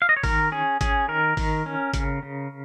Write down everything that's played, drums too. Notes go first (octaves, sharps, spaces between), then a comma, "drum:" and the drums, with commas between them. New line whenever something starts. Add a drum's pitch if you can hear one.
F5
D#5
C#5
D#3 A#4, drum: kick G#1, open hi-hat
C#4 G#4
C#4 G#4, drum: kick G#1, hi-hat
D#3 A#4
D#3, drum: kick G#1, open hi-hat
C#4
C#3, drum: kick G#1, hi-hat
C#3